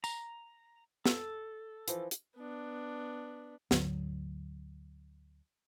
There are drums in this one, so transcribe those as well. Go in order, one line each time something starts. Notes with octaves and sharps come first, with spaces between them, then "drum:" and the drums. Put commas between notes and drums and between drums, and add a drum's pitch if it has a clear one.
A#5, drum: tambourine
A4, drum: snare
E3 F3, drum: hi-hat
drum: hi-hat
B3 D4
D2 G#2 D3 F#3, drum: snare